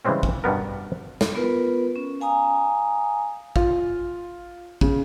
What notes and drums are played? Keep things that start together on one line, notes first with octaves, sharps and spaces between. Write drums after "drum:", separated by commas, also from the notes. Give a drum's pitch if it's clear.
C#3 E3 G3 G#3 C4 C#4
drum: kick
G2 B2 G3 B3 A#4
drum: snare
B3 F4 A#4 B4
C#4
F5 G#5 A#5 D#6
F4, drum: kick
C#3, drum: kick